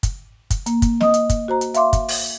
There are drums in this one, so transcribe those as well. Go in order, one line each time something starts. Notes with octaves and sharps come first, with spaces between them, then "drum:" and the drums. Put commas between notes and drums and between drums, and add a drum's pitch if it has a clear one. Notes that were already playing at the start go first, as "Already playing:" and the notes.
drum: kick, hi-hat
drum: kick, hi-hat
A#3, drum: hi-hat
drum: kick, hi-hat
D#5 D#6, drum: snare
drum: hi-hat
drum: kick, hi-hat
F#4 C5 A#5
drum: hi-hat
E5 F5 C6 D6, drum: hi-hat
drum: kick, hi-hat
drum: open hi-hat